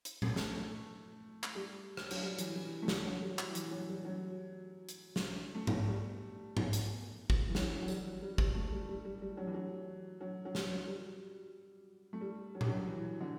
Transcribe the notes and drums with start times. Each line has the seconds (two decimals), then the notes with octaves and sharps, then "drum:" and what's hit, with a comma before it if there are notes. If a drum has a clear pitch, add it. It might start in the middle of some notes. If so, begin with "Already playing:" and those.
0.05 drum: hi-hat
0.22 A3, drum: tom A#2
0.36 A3, drum: snare
0.56 A3
1.43 drum: clap
1.55 G3
1.97 drum: rim click
2.11 F#3, drum: cymbal
2.23 G3
2.39 E3, drum: hi-hat
2.55 E3
2.82 A3
2.88 G3, drum: snare
3.05 F#3
3.22 G3
3.39 E3, drum: clap
3.55 E3, drum: hi-hat
3.71 F#3
3.89 G3
4.05 F#3
4.89 drum: hi-hat
5.16 drum: snare
5.55 A3
5.67 drum: tom G#2
5.88 G3
6.57 drum: tom G#2
6.73 drum: hi-hat
7.30 drum: kick
7.49 E3
7.55 F#3, drum: snare
7.82 F#3
7.88 G3, drum: tambourine
8.22 G3
8.38 G3, drum: kick
8.55 A3
8.72 G3
8.88 G3
9.05 G3
9.21 G3
9.37 F#3
9.47 E3
9.54 F#3
10.21 F#3
10.45 F#3
10.55 G3, drum: snare
10.87 G3
12.13 A3
12.21 G3
12.55 F#3
12.61 G3, drum: tom A#2
12.68 F#3
12.87 E3
13.20 D3